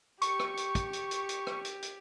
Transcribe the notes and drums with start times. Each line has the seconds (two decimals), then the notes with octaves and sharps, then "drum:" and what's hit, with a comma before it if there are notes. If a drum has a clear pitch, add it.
0.22 G4 C#6, drum: hi-hat
0.39 drum: rim click
0.57 drum: hi-hat
0.75 drum: kick, hi-hat
0.93 drum: hi-hat
1.11 drum: hi-hat
1.29 drum: hi-hat
1.47 drum: rim click
1.65 drum: hi-hat
1.82 drum: hi-hat